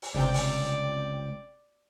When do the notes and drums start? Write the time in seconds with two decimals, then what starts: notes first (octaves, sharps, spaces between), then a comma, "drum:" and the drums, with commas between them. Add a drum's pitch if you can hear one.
0.02 drum: open hi-hat
0.15 G1 C#2 C3 D5 G5
0.34 drum: open hi-hat